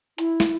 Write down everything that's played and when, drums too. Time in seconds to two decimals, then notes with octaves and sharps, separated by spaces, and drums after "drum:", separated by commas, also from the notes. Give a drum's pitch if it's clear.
0.18 E4, drum: hi-hat
0.40 drum: snare